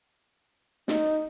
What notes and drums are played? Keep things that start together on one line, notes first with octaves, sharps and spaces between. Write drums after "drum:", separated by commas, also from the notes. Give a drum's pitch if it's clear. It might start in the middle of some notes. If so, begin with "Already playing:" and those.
D#4, drum: snare